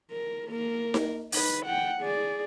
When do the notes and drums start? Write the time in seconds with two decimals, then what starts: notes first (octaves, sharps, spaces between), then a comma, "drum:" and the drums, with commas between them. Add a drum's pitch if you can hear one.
0.11 A#4
0.49 A#3 A#4
0.94 drum: snare D#4
1.32 D#4 B4, drum: open hi-hat
1.65 F#5 G5
2.02 G#4 D5